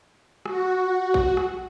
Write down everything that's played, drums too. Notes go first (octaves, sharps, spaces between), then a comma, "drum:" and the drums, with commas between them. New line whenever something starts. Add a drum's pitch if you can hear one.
F#4, drum: rim click
drum: kick A#1
drum: rim click